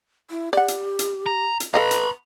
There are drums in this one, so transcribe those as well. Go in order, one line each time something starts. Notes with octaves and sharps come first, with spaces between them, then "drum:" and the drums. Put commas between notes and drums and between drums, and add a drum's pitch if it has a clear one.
E4
G4 D5 F#5
drum: hi-hat
drum: hi-hat
A#5
drum: hi-hat
A4 B4 D#5 F5 A#5 B5
drum: hi-hat